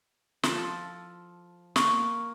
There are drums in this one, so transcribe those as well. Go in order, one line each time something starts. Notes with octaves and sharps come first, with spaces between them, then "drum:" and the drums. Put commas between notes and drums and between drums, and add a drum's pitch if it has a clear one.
F3 A4, drum: snare
A#3 C#6, drum: snare